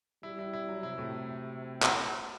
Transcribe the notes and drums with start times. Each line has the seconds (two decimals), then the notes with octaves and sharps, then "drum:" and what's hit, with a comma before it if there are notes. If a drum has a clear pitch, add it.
0.23 G3 E4
0.39 E4
0.53 E4
0.68 F#3
0.83 C3 E4
0.98 A2
1.82 drum: clap